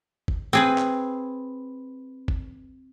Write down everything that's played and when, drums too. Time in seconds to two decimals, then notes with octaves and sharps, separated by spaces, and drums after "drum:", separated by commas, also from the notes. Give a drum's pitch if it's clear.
0.28 drum: kick G1
0.53 C4 G#4 B4
0.78 drum: clap
2.28 drum: kick G1